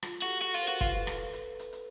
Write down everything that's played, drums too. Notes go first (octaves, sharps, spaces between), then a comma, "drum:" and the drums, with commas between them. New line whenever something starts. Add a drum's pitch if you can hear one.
F4, drum: rim click
F#4 G4 A4
F#4
F4, drum: hi-hat
A#4 C5
F#4, drum: hi-hat
F4 A4 B4, drum: kick, hi-hat
drum: rim click
drum: hi-hat
drum: hi-hat
drum: hi-hat